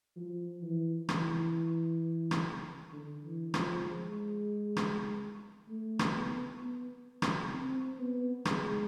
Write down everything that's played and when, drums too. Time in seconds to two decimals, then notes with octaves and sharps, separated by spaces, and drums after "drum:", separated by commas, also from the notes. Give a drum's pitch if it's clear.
0.16 F3
0.62 E3
1.09 E3, drum: rim click
2.31 drum: rim click
2.92 D3
3.23 E3
3.54 F3, drum: rim click
3.85 G#3
4.77 drum: rim click
5.68 A3
5.99 drum: rim click
6.15 B3
6.60 B3
7.22 drum: rim click
7.53 C4
7.99 B3
8.45 G#3, drum: rim click